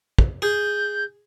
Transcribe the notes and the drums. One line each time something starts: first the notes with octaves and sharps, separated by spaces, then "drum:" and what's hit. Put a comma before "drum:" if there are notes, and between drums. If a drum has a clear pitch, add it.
drum: kick
G#4 G6